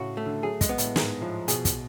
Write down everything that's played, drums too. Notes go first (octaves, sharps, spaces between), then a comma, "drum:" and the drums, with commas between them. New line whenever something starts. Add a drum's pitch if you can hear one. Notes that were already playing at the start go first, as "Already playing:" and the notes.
Already playing: A2 C#3 F#4
A3
D3
F#3 G#4
G#3, drum: kick, hi-hat
B3
A2, drum: hi-hat
G#2 G#4, drum: snare
A2 F3
B2 G#4, drum: hi-hat
drum: kick, hi-hat